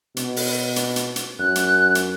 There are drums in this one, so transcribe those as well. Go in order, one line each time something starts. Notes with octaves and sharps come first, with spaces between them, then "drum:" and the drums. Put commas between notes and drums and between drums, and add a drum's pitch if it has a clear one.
B2, drum: hi-hat
drum: open hi-hat
drum: hi-hat
drum: hi-hat
drum: hi-hat
F#2 F#6
drum: hi-hat
drum: hi-hat